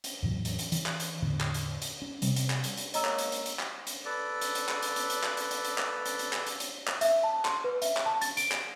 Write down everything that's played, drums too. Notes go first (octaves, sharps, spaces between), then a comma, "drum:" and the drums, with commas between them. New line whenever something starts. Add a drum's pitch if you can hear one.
drum: hi-hat
E2 A2 E3 F#3
drum: hi-hat
drum: hi-hat
E3, drum: hi-hat
drum: clap
drum: hi-hat
E2 A2 D3
drum: clap
drum: hi-hat
drum: hi-hat
C#4
C3 G3 C4, drum: hi-hat
drum: hi-hat
drum: clap
drum: hi-hat
drum: hi-hat
G#3 A#3 C#5 D#5 A#5 E6, drum: hi-hat
drum: clap
drum: hi-hat
drum: hi-hat
drum: hi-hat
drum: clap
drum: hi-hat
A4 B4 D5
drum: hi-hat
drum: hi-hat
drum: clap
drum: hi-hat
drum: hi-hat
drum: hi-hat
drum: clap
drum: hi-hat
drum: hi-hat
drum: hi-hat
drum: clap
drum: hi-hat
drum: hi-hat
drum: clap
drum: hi-hat
drum: hi-hat
drum: clap
E5, drum: hi-hat
A5
C6, drum: clap
B4
E5, drum: hi-hat
drum: clap
A5
A6, drum: hi-hat
D7, drum: hi-hat
drum: clap